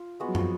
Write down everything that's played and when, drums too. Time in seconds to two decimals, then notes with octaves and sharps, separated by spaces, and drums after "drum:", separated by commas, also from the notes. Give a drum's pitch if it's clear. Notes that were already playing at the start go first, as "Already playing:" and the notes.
Already playing: F4
0.20 G#3 B3 F#4
0.28 F#3
0.35 F3, drum: tom